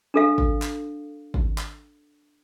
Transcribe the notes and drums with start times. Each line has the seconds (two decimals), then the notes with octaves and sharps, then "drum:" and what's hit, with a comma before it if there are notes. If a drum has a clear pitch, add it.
0.14 D4 A4 F5
0.38 drum: kick G#1
0.62 drum: clap
1.34 drum: kick G#1
1.58 drum: clap